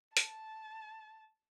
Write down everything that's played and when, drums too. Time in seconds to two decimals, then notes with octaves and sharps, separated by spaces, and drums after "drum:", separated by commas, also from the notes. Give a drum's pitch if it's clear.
0.17 A5, drum: hi-hat